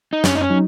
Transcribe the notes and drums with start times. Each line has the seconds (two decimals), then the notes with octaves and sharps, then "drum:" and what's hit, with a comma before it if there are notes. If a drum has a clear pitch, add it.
0.13 D#4
0.24 F#2 C#4, drum: snare
0.36 D#4
0.41 C#4
0.50 F#3 D#4